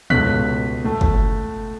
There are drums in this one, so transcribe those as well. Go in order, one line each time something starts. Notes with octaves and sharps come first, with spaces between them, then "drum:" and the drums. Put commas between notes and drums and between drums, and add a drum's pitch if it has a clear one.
C#2 B2 A3 C#4 F#6 B6, drum: tom
A2 A3
drum: kick F#1